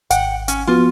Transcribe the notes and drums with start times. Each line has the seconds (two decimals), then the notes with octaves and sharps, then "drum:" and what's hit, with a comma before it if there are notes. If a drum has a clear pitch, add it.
0.10 G#1 F#5 G5, drum: hi-hat
0.48 C#4, drum: hi-hat
0.67 F3 B3 F4 F#4